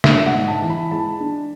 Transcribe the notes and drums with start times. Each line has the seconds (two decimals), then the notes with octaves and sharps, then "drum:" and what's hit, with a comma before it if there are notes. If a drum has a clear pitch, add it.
0.04 D4 E5, drum: snare
0.26 F#5
0.33 G#2
0.48 A5
0.62 E3
0.70 B5
0.91 G#3 A5
1.20 D4